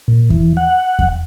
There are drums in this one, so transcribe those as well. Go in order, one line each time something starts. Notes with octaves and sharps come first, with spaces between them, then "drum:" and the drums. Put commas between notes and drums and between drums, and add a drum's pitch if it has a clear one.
A#2
E3, drum: kick E2
F#5
drum: kick E2